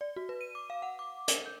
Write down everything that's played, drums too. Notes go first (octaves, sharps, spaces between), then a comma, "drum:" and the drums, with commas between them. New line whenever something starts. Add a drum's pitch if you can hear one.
D5
F#4
B4
D#7
D6
F5
F#5
D6
A#4, drum: hi-hat
G6